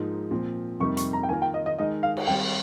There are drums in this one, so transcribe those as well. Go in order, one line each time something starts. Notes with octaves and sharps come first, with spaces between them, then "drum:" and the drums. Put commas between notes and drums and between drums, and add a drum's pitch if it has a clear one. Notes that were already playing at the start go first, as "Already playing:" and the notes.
Already playing: G#2 F3 A#3 D#4
A#2 F3 C4
F2 C3 G3 A#3 D#4 C#6
C#6, drum: hi-hat
A#5
G5
D#3 A#3 F4 A#4 G#5
G5
D#5
D#5
D#3 G#3 D#4 A#4 D#5
F5
drum: cymbal
D#3 G3 C4 G5